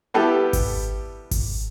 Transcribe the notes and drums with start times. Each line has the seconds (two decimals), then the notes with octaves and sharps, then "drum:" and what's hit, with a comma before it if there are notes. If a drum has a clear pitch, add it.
0.14 G3 B3 E4 G4 A4
0.53 drum: kick G#1, open hi-hat
1.31 drum: kick G#1, open hi-hat